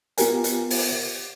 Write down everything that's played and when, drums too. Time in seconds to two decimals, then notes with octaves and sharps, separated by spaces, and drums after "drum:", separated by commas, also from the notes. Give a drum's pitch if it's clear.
0.18 B3 F4 G4 A#4 G#5, drum: hi-hat
0.44 drum: hi-hat
0.70 drum: open hi-hat